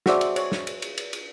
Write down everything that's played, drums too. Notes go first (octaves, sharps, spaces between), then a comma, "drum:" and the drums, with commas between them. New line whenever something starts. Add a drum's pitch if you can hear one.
F#4 G#4 C5 D5 E5, drum: snare
drum: cymbal
C#5, drum: cymbal
drum: snare
drum: cymbal
drum: cymbal
drum: cymbal
drum: cymbal